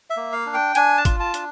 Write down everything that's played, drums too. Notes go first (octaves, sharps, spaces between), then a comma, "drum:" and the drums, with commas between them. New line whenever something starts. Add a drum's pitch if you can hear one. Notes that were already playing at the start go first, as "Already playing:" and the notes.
E5
A#3
F5
D4
G5
D4 G#5, drum: hi-hat
A5
F4, drum: kick, hi-hat
A5
D4, drum: hi-hat